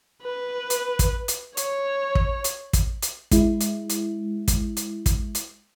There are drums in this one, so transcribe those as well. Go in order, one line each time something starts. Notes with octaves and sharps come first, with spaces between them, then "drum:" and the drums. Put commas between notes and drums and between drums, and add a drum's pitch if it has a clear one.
B4
drum: hi-hat
drum: kick, hi-hat
drum: hi-hat
C#5, drum: hi-hat
drum: kick
drum: hi-hat
drum: kick, hi-hat
drum: hi-hat
G#3 E4, drum: kick, hi-hat
drum: hi-hat
drum: hi-hat
drum: kick, hi-hat
drum: hi-hat
drum: kick, hi-hat
drum: hi-hat